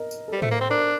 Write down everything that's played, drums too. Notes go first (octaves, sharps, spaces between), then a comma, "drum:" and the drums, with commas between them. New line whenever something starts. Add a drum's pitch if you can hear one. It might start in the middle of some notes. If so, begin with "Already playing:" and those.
Already playing: A#4 D#5
drum: tambourine
A4
G3
C5
A3, drum: tom A2
A#3
C4 C5
D4 A#4